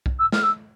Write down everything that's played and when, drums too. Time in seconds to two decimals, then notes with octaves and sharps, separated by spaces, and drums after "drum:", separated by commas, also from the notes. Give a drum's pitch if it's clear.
0.06 drum: kick
0.18 E6
0.32 F6, drum: snare
0.42 E6